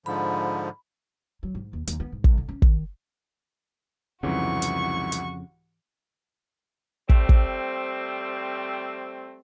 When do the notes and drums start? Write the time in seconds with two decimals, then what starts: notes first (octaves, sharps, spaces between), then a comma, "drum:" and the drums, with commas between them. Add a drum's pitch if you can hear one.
0.06 G#2 D3 F3 B5
1.43 F#3
1.55 G#2
1.73 D#2
1.87 D#2, drum: hi-hat
2.00 B3
2.12 G#2
2.24 C2, drum: kick
2.38 D3
2.49 C#4
2.62 D#3, drum: kick
4.23 C2 F2 G#2 C#3 E3 F#4 C#6
4.62 drum: hi-hat
5.12 drum: hi-hat
7.09 G3 A3 C4, drum: kick
7.29 drum: kick